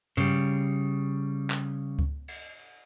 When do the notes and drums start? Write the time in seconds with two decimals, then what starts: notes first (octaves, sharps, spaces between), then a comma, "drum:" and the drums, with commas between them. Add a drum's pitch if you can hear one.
0.17 C#3 G3, drum: tom
1.50 drum: clap
1.99 drum: kick C#2
2.28 drum: cymbal